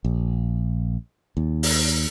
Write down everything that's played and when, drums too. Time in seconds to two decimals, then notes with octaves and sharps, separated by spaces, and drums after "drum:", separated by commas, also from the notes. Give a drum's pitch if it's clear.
0.05 A#1
1.37 D#2
1.63 drum: open hi-hat